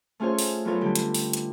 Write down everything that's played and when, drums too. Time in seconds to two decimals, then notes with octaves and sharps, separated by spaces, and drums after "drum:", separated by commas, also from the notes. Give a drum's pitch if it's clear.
0.20 A3 C#4 F4 G#4 C5 C#5
0.39 drum: open hi-hat
0.65 F#3 B3 D#4 F4 A4 C#5
0.81 D3 G3 G4
0.95 drum: hi-hat
1.14 drum: open hi-hat
1.33 drum: hi-hat